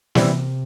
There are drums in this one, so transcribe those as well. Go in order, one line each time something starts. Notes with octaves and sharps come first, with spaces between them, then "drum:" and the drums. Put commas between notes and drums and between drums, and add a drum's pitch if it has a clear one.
C3 E3 G3 C4 E4, drum: snare